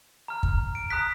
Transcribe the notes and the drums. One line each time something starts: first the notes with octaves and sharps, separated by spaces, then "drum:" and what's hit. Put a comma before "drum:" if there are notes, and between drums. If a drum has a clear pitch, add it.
A#5 F6
drum: kick
D7
A#5 D#6 F#6 B6